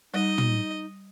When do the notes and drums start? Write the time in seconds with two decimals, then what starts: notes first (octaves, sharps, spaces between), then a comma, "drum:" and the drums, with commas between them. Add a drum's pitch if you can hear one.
0.14 G3 D#4 D#5
0.38 drum: tom